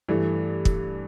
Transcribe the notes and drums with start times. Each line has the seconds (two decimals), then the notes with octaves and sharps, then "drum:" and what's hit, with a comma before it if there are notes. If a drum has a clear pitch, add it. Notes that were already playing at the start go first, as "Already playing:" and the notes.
0.08 G2 E3 A3
0.65 drum: kick